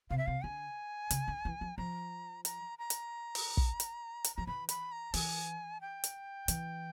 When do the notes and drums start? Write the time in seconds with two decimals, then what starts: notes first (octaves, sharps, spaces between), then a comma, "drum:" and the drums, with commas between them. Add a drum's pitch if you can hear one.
0.10 C3 F5
0.18 E5
0.26 C3 F5
0.44 D3 G#5
1.11 C#3, drum: hi-hat
1.28 D3
1.45 E3
1.61 F3
1.78 F3 A#5
2.45 A#5, drum: hi-hat
2.79 A#5
2.90 drum: hi-hat
3.35 drum: open hi-hat
3.57 drum: kick
3.80 drum: hi-hat
4.24 drum: hi-hat
4.36 F3 A#5
4.47 E3 B5
4.69 B5, drum: hi-hat
4.92 A#5
5.14 E3 G#5, drum: open hi-hat
5.81 G5
6.04 drum: hi-hat
6.48 E3, drum: hi-hat